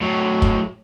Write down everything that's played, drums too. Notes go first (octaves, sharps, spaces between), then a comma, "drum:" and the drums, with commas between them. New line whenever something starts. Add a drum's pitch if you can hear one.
A2 F#3
drum: kick